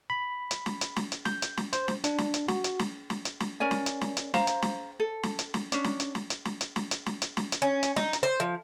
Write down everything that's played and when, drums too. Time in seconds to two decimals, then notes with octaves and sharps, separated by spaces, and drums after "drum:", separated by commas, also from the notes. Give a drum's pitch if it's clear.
0.10 B5
0.51 drum: hi-hat
0.66 drum: snare
0.81 drum: hi-hat
0.96 drum: snare
1.12 drum: hi-hat
1.25 G6, drum: snare
1.42 drum: hi-hat
1.57 drum: snare
1.73 C5, drum: hi-hat
1.88 drum: snare
2.04 D4, drum: hi-hat
2.18 drum: snare
2.34 drum: hi-hat
2.48 F#4, drum: snare
2.64 drum: hi-hat
2.79 drum: snare
3.10 drum: snare
3.25 drum: hi-hat
3.40 drum: snare
3.60 C#4 A#4 D5 G#5
3.71 drum: snare
3.86 drum: hi-hat
4.01 drum: snare
4.17 drum: hi-hat
4.34 C5 F5 A#5, drum: snare
4.47 drum: hi-hat
4.62 drum: snare
5.00 A4
5.23 drum: snare
5.39 drum: hi-hat
5.54 drum: snare
5.72 C#4 D4, drum: hi-hat
5.84 drum: snare
6.00 drum: hi-hat
6.15 drum: snare
6.30 drum: hi-hat
6.45 drum: snare
6.61 drum: hi-hat
6.76 drum: snare
6.91 drum: hi-hat
7.06 drum: snare
7.22 drum: hi-hat
7.37 drum: snare
7.52 drum: hi-hat
7.62 C#4
7.83 drum: hi-hat
7.96 D#4, drum: snare
8.13 drum: hi-hat
8.23 C5
8.40 F3